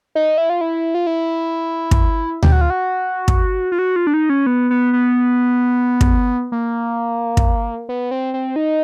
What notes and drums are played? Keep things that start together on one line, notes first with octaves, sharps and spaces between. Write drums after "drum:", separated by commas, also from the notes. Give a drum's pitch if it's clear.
D#4
E4
F4
E4
F4
E4
drum: kick
G4, drum: tom D2
F#4
F4
F#4
drum: kick
F4
F#4
F4
D4
D#4
C#4
B3
B3
B3
drum: kick
A#3
drum: kick
B3
C4
C4
D#4